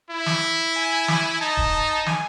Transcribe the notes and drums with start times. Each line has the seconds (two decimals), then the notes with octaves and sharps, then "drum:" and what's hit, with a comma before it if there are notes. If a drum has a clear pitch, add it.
0.10 E4
0.26 drum: snare
0.76 G#5
1.08 drum: snare
1.41 D#4 A5
1.57 drum: kick D1
2.06 G#5, drum: snare